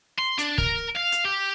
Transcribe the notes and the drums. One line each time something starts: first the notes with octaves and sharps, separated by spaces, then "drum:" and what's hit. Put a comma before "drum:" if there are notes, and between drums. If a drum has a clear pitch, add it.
C6
D4, drum: hi-hat
A#4, drum: kick
F5
drum: hi-hat
G4